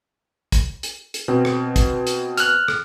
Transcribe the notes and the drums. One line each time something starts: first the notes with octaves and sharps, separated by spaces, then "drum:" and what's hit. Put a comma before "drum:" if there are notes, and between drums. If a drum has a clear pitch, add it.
drum: kick, hi-hat
drum: hi-hat
drum: hi-hat
B2 C4
drum: rim click
drum: kick, hi-hat
drum: hi-hat
F6 F#6, drum: hi-hat
drum: rim click